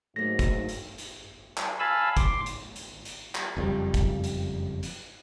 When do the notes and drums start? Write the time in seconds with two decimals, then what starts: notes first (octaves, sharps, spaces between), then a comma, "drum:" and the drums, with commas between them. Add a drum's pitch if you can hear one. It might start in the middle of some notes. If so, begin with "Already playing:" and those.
0.16 G#2 F#3 A3 A#3 A#6
0.39 drum: kick, hi-hat
0.69 drum: hi-hat
0.98 drum: hi-hat
1.57 drum: clap
1.79 F5 G#5 A5 B5 E6
2.17 C6 D6, drum: kick, hi-hat
2.46 drum: hi-hat
2.76 drum: hi-hat
3.05 drum: hi-hat
3.35 drum: clap
3.57 F#1 F2 C#3 G3
3.94 drum: kick, hi-hat
4.24 drum: hi-hat
4.83 drum: hi-hat